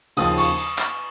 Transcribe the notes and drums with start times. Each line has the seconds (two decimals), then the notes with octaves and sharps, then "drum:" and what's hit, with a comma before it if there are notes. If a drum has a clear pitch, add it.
0.17 D#2 C#3 F3 D#6, drum: cymbal
0.37 C#6, drum: cymbal
0.58 drum: cymbal
0.78 drum: clap